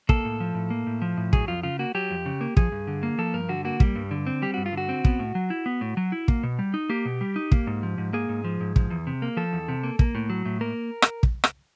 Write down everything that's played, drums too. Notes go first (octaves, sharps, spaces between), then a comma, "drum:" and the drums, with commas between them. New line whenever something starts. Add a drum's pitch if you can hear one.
A#3 A4, drum: kick
A2
F3
A2
A#3
A2
F3
A2
F#3 G#4, drum: kick
F2 F4
C#3 F4
A#3 F#4
F#3 G4
F2
C#3
A#3
F3 G#4, drum: kick
G2
D3
A#3
F3 A4
G2 A#4
D3 F#4
A#3 F#4
G3, drum: kick
G2
D3
C4
G3 G4
G2 F#4
F4
D3 F#4
C4
B3, drum: kick
A2
F#3
E4
B3
A2
F#3
E4
A#3, drum: kick
B2
G3
D#4
A#3 G4
B2
G3
D#4
A#3, drum: kick
G#2
F3
G#2
A#3 G#4
G#2
F3
G#2
F3, drum: kick
E2
C3
A#3
F3 A4
E2
C3
A#3
A#3, drum: kick
A2
F#3
A2
A#3 A#4
drum: rim click
drum: kick
drum: rim click